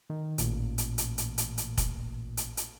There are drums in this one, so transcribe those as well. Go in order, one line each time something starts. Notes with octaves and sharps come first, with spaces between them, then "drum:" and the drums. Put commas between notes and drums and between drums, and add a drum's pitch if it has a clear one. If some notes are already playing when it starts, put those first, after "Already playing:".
D#3
A1 A#2, drum: hi-hat
drum: hi-hat
drum: hi-hat
drum: hi-hat
drum: hi-hat
drum: hi-hat
drum: kick, hi-hat
drum: hi-hat
drum: hi-hat